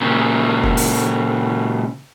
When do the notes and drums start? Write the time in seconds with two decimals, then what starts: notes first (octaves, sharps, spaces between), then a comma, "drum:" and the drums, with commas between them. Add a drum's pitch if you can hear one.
0.01 A#2 C#3
0.63 drum: kick F#1
0.77 drum: open hi-hat